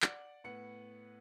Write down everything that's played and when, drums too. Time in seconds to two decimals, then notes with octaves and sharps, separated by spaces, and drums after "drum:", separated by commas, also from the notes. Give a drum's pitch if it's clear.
0.02 D5 F#5, drum: clap
0.44 A2 B3 F#5 C#7